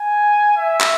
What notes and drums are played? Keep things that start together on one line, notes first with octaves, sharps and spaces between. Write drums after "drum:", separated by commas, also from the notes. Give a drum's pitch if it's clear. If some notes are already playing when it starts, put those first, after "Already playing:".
Already playing: G#5
E5
drum: clap